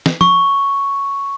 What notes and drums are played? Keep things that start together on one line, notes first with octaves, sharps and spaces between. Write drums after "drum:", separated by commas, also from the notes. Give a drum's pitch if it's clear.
drum: snare
C#6, drum: tom